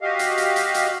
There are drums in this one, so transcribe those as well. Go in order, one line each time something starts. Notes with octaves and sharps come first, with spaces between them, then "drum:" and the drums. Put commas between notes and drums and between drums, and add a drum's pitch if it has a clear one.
F#4 G4 D#5 F5
drum: hi-hat
drum: hi-hat
drum: hi-hat
drum: hi-hat